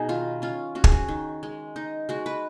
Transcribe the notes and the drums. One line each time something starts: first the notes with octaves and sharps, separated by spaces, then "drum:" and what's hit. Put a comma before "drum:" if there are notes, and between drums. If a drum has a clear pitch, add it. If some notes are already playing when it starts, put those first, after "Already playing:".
Already playing: B2 D#4 G#4
D#3 F4
C#4 F4
C#4 F#4
G#4, drum: kick
F#4
D#3
G#3
D#4
G#3 F#4
B4